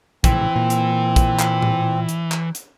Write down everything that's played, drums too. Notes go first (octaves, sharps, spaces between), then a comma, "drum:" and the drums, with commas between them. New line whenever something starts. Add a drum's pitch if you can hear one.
A#1 A2 C#3 E3 C4, drum: kick, hi-hat
A#2 A#3
drum: hi-hat
drum: kick, hi-hat
drum: clap
drum: tom A2
drum: hi-hat
drum: clap
drum: hi-hat